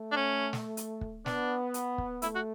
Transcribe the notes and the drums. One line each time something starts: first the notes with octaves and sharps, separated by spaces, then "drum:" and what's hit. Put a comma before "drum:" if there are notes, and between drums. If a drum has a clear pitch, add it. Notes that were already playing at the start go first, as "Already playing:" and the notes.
Already playing: A3
D4
C#4
drum: snare
drum: hi-hat
drum: kick
B3 D4, drum: snare
drum: hi-hat
drum: kick
A3 E4, drum: hi-hat
F#4